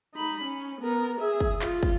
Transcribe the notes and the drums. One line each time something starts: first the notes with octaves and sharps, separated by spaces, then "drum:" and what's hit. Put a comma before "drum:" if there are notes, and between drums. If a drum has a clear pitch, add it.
D#4 B5
C#4
B3 A#4
G#4 E5
drum: kick
F4, drum: clap
drum: kick